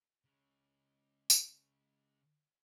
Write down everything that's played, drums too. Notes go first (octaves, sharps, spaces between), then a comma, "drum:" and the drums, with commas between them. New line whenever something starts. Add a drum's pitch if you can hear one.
C#3 G#3
drum: tambourine